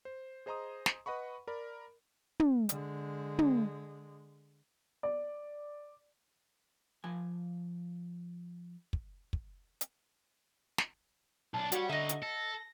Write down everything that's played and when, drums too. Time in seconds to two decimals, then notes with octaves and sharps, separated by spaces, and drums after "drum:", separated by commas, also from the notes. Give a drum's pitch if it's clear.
0.05 C5
0.46 G#4 C5 D#5 A#5 C6 D#6
0.86 drum: snare
1.06 B4 D#5 F#5 B5 C#6
1.47 A#4 D5 B5
2.40 drum: tom
2.69 D3 G#3, drum: hi-hat
3.39 drum: tom
5.03 D5
7.04 F3 G#5
8.93 drum: kick
9.33 drum: kick
9.81 drum: hi-hat
10.78 drum: snare
11.54 B1 D4 A5
11.72 G3 F#4 C#5 F#5, drum: hi-hat
11.89 D3 D#4 F#4 D#5 E5
12.09 drum: hi-hat
12.22 A4 A#6